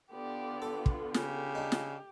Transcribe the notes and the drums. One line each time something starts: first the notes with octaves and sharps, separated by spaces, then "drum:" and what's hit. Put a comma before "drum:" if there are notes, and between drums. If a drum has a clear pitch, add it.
D3 B3 F4 G4 D5
A4
drum: kick
C#3 G4, drum: snare
D4 D#4
drum: snare